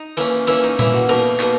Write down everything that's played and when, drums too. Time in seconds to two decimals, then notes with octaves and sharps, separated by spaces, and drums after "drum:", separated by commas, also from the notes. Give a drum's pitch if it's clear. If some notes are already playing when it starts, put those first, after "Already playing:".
Already playing: D#4
0.17 E3 A#3 C#4, drum: cymbal
0.47 E3 A#3 C#4 E4, drum: cymbal
0.64 D#4
0.79 E3 A#3 C#4 E4, drum: tom A#2
0.93 F#4
1.09 B2 A#3 D#4 A#4, drum: cymbal
1.40 B2 A#3 D#4, drum: clap